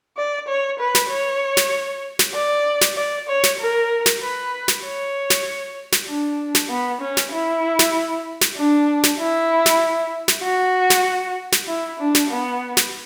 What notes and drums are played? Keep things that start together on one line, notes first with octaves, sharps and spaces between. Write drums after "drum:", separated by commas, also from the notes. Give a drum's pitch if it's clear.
D5
C#5
B4
drum: snare
C#5
drum: snare
drum: snare
D5
drum: snare
D5
C#5
drum: snare
A#4
drum: snare
B4
drum: snare
C#5
drum: snare
drum: snare
D4
drum: snare
B3
C#4
drum: snare
E4
drum: snare
drum: snare
D4
drum: snare
E4
drum: snare
drum: snare
F#4
drum: snare
drum: snare
E4
D4
drum: snare
B3
drum: snare